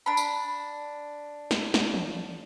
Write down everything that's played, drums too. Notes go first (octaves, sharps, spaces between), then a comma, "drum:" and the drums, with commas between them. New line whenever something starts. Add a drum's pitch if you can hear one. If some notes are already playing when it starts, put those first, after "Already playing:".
D4 B5
drum: tambourine
drum: snare
drum: snare
drum: tom